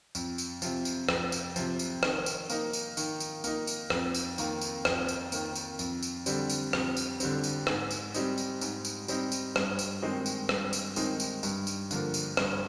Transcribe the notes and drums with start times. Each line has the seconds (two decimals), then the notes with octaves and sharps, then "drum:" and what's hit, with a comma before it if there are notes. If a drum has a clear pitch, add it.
0.15 F2, drum: tambourine
0.38 drum: tambourine
0.62 C3 F3, drum: tambourine
0.85 drum: tambourine
1.09 F2, drum: rim click
1.32 drum: tambourine
1.56 C3 F3, drum: tambourine
1.79 drum: tambourine
2.03 D#3, drum: rim click
2.26 drum: tambourine
2.50 A#3 D#4, drum: tambourine
2.73 drum: tambourine
2.97 D#3, drum: tambourine
3.20 drum: tambourine
3.44 A#3 D#4, drum: tambourine
3.67 drum: tambourine
3.90 F2, drum: rim click
4.14 drum: tambourine
4.38 D#3 A#3, drum: tambourine
4.61 drum: tambourine
4.85 F2, drum: rim click
5.08 drum: tambourine
5.32 D#3 A#3, drum: tambourine
5.56 drum: tambourine
5.79 F2, drum: tambourine
6.03 drum: tambourine
6.26 D3 G3 C4, drum: tambourine
6.50 drum: tambourine
6.73 F2, drum: rim click
6.97 drum: tambourine
7.20 D3 G3 C4, drum: tambourine
7.44 drum: tambourine
7.67 G#2, drum: rim click
7.91 drum: tambourine
8.14 G3 C4 D#4, drum: tambourine
8.38 drum: tambourine
8.61 G#2, drum: tambourine
8.85 drum: tambourine
9.08 G3 C4 D#4, drum: tambourine
9.32 drum: tambourine
9.56 G2, drum: rim click
9.79 drum: tambourine
10.02 D#3 G#3 C4 D#4
10.26 drum: tambourine
10.49 G2, drum: rim click
10.73 drum: tambourine
10.96 D#3 G#3 C4 D#4, drum: tambourine
11.20 drum: tambourine
11.43 G2, drum: tambourine
11.67 drum: tambourine
11.91 D3 F3 A#3, drum: tambourine
12.14 drum: tambourine
12.37 G2, drum: rim click